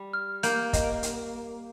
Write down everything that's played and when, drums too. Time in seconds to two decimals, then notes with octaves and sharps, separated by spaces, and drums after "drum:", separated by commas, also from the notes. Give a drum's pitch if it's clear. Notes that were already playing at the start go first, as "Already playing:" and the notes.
Already playing: G3
0.13 F6
0.43 A#3 G6, drum: hi-hat
0.73 D#5, drum: kick, hi-hat
1.03 drum: hi-hat